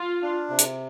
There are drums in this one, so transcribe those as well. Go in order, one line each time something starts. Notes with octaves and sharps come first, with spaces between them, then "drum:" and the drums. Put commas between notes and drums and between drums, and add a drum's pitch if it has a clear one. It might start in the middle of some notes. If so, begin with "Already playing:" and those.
Already playing: F4
D4
C3
drum: hi-hat